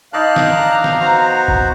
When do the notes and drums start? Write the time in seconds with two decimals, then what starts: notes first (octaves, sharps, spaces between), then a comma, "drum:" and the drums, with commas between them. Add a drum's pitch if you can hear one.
0.13 D#4 D5 D#5 F5 A5 C6 F#6
0.36 drum: snare
0.54 A#5
0.84 drum: snare
1.00 B3 F#4 C5
1.48 drum: kick